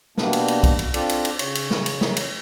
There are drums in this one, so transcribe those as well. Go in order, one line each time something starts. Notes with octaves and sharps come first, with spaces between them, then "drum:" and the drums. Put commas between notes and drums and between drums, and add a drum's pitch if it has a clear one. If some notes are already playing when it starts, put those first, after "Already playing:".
B2 G3 A#3 B3 D4, drum: snare
drum: cymbal
drum: cymbal
drum: kick B1, cymbal
drum: cymbal
C4 D4 F4 A4 D5, drum: cymbal
drum: cymbal
drum: cymbal
C#3 C#5, drum: cymbal
drum: cymbal
drum: snare
drum: cymbal
drum: snare
drum: cymbal